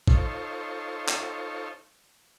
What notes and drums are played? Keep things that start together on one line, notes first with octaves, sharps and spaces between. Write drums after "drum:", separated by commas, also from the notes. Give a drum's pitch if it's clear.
D#4 F4 A4 C5 C#5, drum: kick
drum: clap